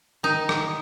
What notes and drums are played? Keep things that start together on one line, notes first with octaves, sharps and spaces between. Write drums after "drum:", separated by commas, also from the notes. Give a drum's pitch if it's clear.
D#3 D#4
drum: rim click